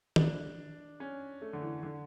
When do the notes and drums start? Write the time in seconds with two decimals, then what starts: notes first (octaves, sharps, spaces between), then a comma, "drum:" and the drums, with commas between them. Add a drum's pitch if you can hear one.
0.16 D4, drum: tom
1.00 C#4
1.42 A3
1.53 D3
1.62 E3
1.83 D3